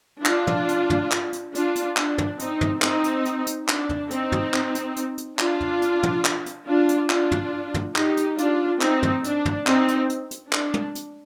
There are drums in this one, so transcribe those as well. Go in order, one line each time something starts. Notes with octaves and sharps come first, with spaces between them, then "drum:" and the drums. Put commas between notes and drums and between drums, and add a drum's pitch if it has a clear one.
D4 F4, drum: clap
drum: tom
drum: hi-hat
drum: tom
drum: clap
drum: hi-hat
D4 F4, drum: hi-hat
drum: hi-hat
D4, drum: clap
drum: tom
C4 D#4, drum: hi-hat
drum: tom
C4 D#4, drum: clap
drum: hi-hat
drum: hi-hat
drum: hi-hat
D4, drum: clap
drum: tom
C4 D#4, drum: hi-hat
drum: tom
drum: clap
drum: hi-hat
drum: hi-hat
drum: hi-hat
D4 F4, drum: clap
drum: tom
drum: hi-hat
drum: tom
drum: clap
drum: hi-hat
D4 F4
drum: hi-hat
D4 F4, drum: clap
drum: tom
drum: tom
D#4 G4, drum: clap
drum: hi-hat
D4 F4, drum: hi-hat
C4 D#4, drum: clap
drum: tom
D4, drum: hi-hat
drum: tom
C4 D#4, drum: clap
drum: hi-hat
drum: hi-hat
drum: hi-hat
D4, drum: clap
drum: tom
drum: hi-hat